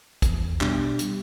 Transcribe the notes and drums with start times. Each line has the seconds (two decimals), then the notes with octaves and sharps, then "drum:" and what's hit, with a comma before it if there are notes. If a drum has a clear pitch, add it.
0.22 E2, drum: kick, hi-hat
0.61 B2 G3 D4 G4, drum: clap
0.99 drum: hi-hat